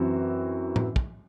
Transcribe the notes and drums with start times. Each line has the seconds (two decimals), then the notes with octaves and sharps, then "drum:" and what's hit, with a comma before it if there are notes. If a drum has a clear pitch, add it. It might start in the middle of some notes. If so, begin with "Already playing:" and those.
Already playing: F#2 E3 C4 F#4
0.76 drum: tom A2
0.96 drum: kick